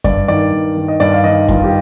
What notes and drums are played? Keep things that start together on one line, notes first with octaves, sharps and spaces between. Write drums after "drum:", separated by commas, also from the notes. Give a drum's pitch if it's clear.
G2 D5, drum: kick F#2
D#3 D5
G2
D#3
D#5
G2 D5
F5
D#3 D#5
G2 F4, drum: kick F#2
G4